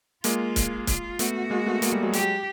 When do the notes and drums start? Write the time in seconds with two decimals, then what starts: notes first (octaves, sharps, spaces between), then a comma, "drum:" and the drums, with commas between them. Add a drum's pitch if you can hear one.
0.24 G#3 A#3 F4, drum: hi-hat
0.56 drum: kick C#1, hi-hat
0.87 F4, drum: kick C#1, hi-hat
1.19 A3 B3 F#4, drum: hi-hat
1.50 G#3 A#3
1.66 A3 B3
1.82 G#3 A#3, drum: hi-hat
1.92 G3 A3
2.03 F#3 G#3
2.13 G4, drum: hi-hat